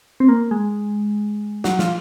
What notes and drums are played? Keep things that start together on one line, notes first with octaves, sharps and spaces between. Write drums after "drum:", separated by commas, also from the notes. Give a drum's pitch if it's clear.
C4
A#3
G#3
F#3, drum: snare
F3, drum: snare